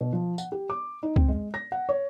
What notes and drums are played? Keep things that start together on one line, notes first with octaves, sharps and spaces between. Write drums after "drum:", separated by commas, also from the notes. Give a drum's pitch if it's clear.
B2
F3
F#5, drum: tambourine
G4
D6
D#4
C4, drum: kick C#2
G#3
A#6
F#5
C#5